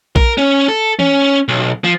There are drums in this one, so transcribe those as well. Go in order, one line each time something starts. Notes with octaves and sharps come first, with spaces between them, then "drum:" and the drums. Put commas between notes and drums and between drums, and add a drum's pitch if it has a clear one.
A#4, drum: kick A#1
C#4
A4
C#4, drum: tom E3
B1
F3